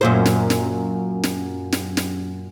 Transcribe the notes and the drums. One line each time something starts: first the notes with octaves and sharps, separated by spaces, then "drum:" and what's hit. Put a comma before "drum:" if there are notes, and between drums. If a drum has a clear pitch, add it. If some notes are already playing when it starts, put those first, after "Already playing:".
F#2 A#2 C5
drum: snare
drum: snare
drum: snare
drum: snare
drum: snare